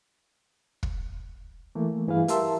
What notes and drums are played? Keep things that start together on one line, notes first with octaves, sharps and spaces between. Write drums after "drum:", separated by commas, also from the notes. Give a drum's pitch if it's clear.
drum: kick
E3 A3 A#3
G2 E3 E4 G#4 B4 F5
G4 A#4 E5 A5 C6 E6, drum: hi-hat